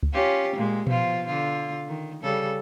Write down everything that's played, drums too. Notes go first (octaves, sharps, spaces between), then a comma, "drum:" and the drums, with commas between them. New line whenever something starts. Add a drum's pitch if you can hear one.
drum: kick C#2
C#4 F4 G4
A#2 G#3
B2 F3 F4, drum: tom A#2
D3 F4
D#3
C#3 G3 A4